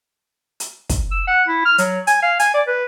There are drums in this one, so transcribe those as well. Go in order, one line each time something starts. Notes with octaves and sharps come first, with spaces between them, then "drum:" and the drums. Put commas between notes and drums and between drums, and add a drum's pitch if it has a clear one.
drum: hi-hat
drum: kick, hi-hat
E6
F#5
E4
F6
F#3, drum: hi-hat
G#5, drum: hi-hat
F5
G#5, drum: hi-hat
D5
B4